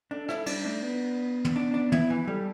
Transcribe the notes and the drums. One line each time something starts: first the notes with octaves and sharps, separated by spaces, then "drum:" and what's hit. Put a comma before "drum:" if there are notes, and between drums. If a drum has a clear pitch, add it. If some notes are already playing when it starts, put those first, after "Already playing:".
D4 A4
E4 A4, drum: rim click
G3 D4, drum: cymbal
A3 D4
B3
drum: tom
D4
D4
E4, drum: tom
E3
G3 A4